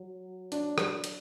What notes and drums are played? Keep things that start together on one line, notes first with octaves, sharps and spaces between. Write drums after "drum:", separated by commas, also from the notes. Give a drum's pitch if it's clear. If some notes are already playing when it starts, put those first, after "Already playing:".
Already playing: F#3
D4, drum: hi-hat
drum: rim click
drum: hi-hat